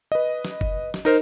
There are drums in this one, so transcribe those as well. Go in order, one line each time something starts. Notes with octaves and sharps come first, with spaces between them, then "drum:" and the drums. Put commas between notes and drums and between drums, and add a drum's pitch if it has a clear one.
B4 D#5
drum: snare
drum: kick F#1
drum: snare
D#4 A#4 C5